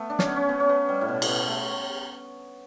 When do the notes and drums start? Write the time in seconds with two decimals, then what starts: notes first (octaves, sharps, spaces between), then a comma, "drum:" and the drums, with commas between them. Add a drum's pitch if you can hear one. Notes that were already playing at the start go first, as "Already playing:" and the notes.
Already playing: A3 B3
0.10 D4
0.19 C#4, drum: snare
0.27 B3
0.36 C#4
0.49 B3
0.60 C#4
0.69 B3
0.89 G3
1.01 A2
1.08 B2
1.22 A2, drum: cymbal
1.28 B2
1.47 A3